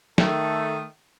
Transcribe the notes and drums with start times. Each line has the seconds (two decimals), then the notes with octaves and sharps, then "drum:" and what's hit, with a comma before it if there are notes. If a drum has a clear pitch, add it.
0.18 D#3 A3 A4, drum: snare